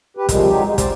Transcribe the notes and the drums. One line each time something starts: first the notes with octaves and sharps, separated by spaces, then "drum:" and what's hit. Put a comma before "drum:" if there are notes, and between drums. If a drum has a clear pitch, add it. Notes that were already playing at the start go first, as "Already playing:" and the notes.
G4 B4
C3 D#3 F3 G3 G#3, drum: kick, hi-hat
F#3 G#3 D#4 G4
G#3
C5 D5, drum: kick, hi-hat